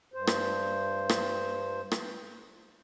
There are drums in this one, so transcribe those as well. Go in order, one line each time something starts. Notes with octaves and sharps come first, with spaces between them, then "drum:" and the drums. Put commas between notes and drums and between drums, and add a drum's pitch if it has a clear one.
G2 C5
drum: rim click
drum: rim click
drum: rim click